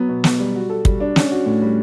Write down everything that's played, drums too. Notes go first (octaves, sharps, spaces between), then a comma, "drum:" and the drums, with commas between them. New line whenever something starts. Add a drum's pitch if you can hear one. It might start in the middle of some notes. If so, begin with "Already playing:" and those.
Already playing: F#3 B3
B2
B2, drum: snare
G3
F#4
A4
G3, drum: kick
D4
C#4, drum: snare
F#4
A2
G3